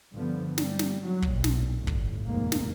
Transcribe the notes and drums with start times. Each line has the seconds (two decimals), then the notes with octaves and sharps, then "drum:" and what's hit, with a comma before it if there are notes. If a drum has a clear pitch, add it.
0.14 G2 D3 F3 B3
0.58 G3, drum: snare
0.79 drum: snare
1.04 F#3
1.22 drum: kick
1.32 B1 A#2
1.44 drum: snare
1.77 G1 A2
1.87 drum: kick
2.26 F1 D#2 G#2 A#3
2.52 drum: snare